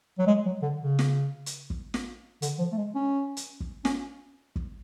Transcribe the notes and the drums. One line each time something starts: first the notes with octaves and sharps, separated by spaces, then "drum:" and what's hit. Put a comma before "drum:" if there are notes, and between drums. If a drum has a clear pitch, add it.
F#3
G#3
F#3
D3
C#3
drum: snare
drum: hi-hat
drum: kick
drum: snare
D3, drum: hi-hat
F3
A3
G#3
C#4
drum: hi-hat
drum: kick
C#4, drum: snare
drum: kick